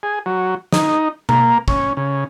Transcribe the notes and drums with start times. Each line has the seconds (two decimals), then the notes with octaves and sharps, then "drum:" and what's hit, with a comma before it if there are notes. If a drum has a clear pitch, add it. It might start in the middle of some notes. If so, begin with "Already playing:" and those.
0.03 G#4
0.26 F#3
0.72 D#4, drum: snare
1.29 A#3, drum: tom B2
1.68 C#4, drum: kick
1.97 C#3